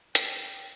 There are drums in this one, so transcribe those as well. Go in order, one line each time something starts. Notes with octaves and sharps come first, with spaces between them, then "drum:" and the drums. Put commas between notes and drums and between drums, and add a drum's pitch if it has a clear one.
G5, drum: hi-hat